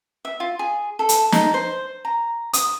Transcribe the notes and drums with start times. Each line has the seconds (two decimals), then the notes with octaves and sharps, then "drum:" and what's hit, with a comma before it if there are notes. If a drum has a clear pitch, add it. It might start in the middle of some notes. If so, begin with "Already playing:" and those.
0.25 E5
0.40 F4
0.59 G#4
0.99 A4
1.09 drum: hi-hat
1.32 D#4, drum: snare
1.54 C5
2.05 A#5
2.53 D#6, drum: hi-hat